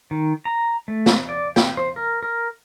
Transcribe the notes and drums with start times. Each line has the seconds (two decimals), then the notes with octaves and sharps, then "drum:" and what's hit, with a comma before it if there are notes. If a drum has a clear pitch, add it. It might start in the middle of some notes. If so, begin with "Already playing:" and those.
0.11 D#3
0.45 A#5
0.88 A3
1.06 drum: snare
1.29 D5
1.56 G5, drum: snare
1.77 C5
1.96 A#4
2.23 A#4